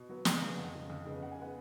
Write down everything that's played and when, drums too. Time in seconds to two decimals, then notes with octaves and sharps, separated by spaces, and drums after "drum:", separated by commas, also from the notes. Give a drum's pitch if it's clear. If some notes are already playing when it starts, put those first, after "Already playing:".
Already playing: B2
0.09 F#3 B3
0.25 C#3 G#5, drum: snare
0.42 G#3 B3
0.57 F2 F#5
0.74 C#3 G#3
0.90 F2
1.06 C#3 G#3 B3
1.22 C#3 F#5
1.31 G#5
1.39 G#3 B3 F#5